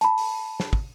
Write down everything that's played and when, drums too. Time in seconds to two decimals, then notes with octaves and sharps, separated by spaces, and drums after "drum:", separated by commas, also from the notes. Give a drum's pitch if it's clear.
0.01 A5 B5, drum: hi-hat
0.18 drum: open hi-hat
0.60 drum: snare
0.73 drum: kick